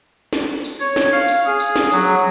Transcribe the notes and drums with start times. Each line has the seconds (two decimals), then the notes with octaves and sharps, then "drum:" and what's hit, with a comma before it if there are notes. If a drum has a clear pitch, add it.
0.33 drum: snare
0.64 drum: tambourine
0.79 C#5
0.96 drum: snare
1.12 F5
1.28 drum: tambourine
1.46 G#4
1.60 drum: tambourine
1.76 drum: snare
1.92 F#3, drum: tambourine